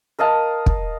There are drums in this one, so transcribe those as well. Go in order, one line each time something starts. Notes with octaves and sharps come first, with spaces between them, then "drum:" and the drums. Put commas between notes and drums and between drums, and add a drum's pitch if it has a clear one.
A#4 D#5 F5 A5
drum: kick